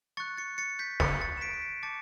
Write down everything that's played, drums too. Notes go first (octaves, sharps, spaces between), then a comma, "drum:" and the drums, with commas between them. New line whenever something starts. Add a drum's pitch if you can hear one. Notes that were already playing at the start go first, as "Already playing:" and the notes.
C#6 F#6 A6 C#7
A6 C#7
A6 C#7
G6 B6
C#6 F#6 A6 C#7, drum: snare
A6 C#7
E7
B6 D7
C#7
B6 D7
A5 D6 G6 A6 C#7